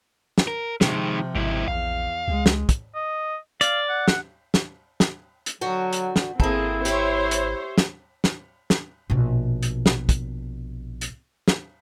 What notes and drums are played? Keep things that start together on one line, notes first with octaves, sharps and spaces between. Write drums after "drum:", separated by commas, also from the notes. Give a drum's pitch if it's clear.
drum: snare
A#4
C3 D#3 F3 G#3, drum: snare
G#1 G#2 E4
A#1 E2 F5
C#2 G#3
drum: snare
drum: kick, hi-hat
D#5
D5 F5, drum: hi-hat
F#5
drum: snare
drum: snare
drum: snare
drum: hi-hat
D3 F#3 F#4 G5
drum: hi-hat
drum: snare
G#1 A#3 C4 E4 G#4 A4, drum: kick
G4 C5 C#5 E5, drum: hi-hat
drum: hi-hat
drum: snare
drum: snare
drum: snare
A#1 B2
drum: hi-hat
drum: snare
drum: kick, hi-hat
drum: hi-hat
drum: snare